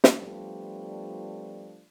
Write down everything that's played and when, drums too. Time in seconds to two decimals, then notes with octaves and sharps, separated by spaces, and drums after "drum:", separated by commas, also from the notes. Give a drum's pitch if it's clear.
0.04 drum: snare
0.16 F3 G3 A3 B3 D4 F4